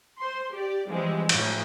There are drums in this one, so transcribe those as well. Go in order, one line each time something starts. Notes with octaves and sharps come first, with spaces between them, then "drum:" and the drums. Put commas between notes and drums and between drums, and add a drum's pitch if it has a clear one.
C5 C6
G4 D5
E3 F3 G3 G#3 C4
D2 A2 F3, drum: cymbal